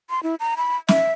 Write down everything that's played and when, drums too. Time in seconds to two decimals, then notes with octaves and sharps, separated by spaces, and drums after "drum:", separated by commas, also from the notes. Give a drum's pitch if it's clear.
0.10 C6
0.23 E4
0.40 A#5
0.57 B5
0.88 E5, drum: snare